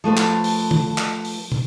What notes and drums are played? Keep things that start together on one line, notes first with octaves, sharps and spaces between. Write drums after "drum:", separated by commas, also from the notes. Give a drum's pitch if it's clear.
F3 A3 B4 C5
drum: clap
drum: open hi-hat
drum: tom
drum: clap
drum: open hi-hat
drum: tom